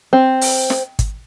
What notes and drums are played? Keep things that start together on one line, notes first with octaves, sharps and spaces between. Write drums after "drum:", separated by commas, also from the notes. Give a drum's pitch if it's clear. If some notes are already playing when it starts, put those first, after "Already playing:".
C4
drum: open hi-hat
drum: snare
drum: kick, hi-hat